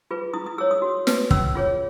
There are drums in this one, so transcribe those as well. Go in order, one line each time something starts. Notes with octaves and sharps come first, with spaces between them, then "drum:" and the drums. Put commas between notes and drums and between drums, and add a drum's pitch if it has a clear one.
F4 G#4 B4
E4 D#6
D#6
G#4 C#5 E6
D#6
F#4
B4, drum: snare
C#4 E6, drum: kick
F4 G#4 C#5